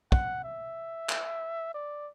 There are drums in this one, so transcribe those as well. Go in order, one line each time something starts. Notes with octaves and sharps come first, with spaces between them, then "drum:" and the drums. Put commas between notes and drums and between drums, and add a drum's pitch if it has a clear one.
F#5, drum: kick
E5
drum: clap
D5